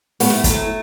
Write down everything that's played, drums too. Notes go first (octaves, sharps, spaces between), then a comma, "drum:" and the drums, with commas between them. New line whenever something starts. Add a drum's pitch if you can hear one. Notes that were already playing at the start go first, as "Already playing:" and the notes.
A2 B3, drum: open hi-hat
A3
F#3, drum: kick, hi-hat
A3